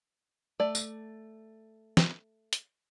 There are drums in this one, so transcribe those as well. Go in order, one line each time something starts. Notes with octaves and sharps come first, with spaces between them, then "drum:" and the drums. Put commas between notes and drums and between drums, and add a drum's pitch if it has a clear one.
A3 D5
drum: tambourine
drum: snare
drum: hi-hat